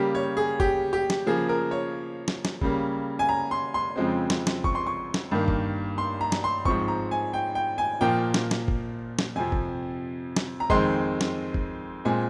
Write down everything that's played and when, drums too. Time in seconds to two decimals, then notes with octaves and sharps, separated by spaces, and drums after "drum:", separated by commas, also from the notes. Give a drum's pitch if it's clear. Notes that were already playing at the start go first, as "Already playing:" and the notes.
Already playing: C#3 G3 A#3 G4
0.15 C#5
0.37 G#4
0.60 G4, drum: kick F#1
0.93 G4
1.10 drum: snare
1.26 C#3 F3 A#3 G#4
1.49 A#4
1.71 C#5
2.28 drum: snare
2.45 drum: snare
2.62 C#3 G3 A#3, drum: kick F#1
3.19 G#5
3.29 A#5
3.51 C6
3.74 C6
3.96 F2 C#3 F3 G#3 C4
4.30 drum: snare
4.47 drum: snare
4.64 C#6, drum: kick F#1
4.75 C6
4.87 C#6
5.14 drum: snare
5.31 G2 D#3 A#3
5.48 drum: kick F#1
5.98 C6
6.21 A#5
6.32 drum: snare
6.44 C6
6.65 G#2 F3 C4 C#6, drum: kick F#1
6.88 A#5
7.11 G#5
7.34 G5
7.55 G5
7.78 G#5
8.01 A#2 F3 A#3 G5
8.34 drum: snare
8.51 drum: snare
8.68 drum: kick F#1
9.19 drum: snare
9.35 F2 C3 F3 G#5
9.52 drum: kick F#1
10.36 drum: snare
10.60 A#5
10.70 F2 D#3 G#3 C4 C6, drum: kick F#1
11.21 drum: snare
11.54 drum: kick F#1
12.05 A#2 G#3 C4 G#5